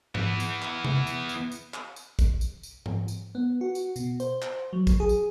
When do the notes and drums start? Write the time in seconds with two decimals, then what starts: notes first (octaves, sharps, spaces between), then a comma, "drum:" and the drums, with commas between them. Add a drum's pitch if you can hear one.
0.15 E3 B3, drum: tom G#2
0.40 drum: tambourine
0.62 drum: clap
0.85 drum: tom C3
1.07 drum: tambourine
1.29 drum: tambourine
1.52 drum: tambourine
1.74 drum: clap
1.96 drum: tambourine
2.19 drum: kick, tambourine
2.41 drum: tambourine
2.63 drum: tambourine
2.86 drum: tom G#2
3.08 drum: tambourine
3.35 B3
3.61 F#4
3.75 drum: tambourine
3.96 B2, drum: tambourine
4.20 C5, drum: tambourine
4.42 drum: clap
4.73 F#3
4.87 drum: kick, tambourine
5.00 G#4
5.09 drum: tambourine